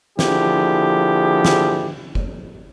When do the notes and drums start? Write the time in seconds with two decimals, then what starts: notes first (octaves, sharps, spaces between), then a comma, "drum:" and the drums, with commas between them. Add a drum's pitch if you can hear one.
0.19 D3 F3 A#3 E4 G4 G#4, drum: snare
1.45 drum: snare
2.15 drum: kick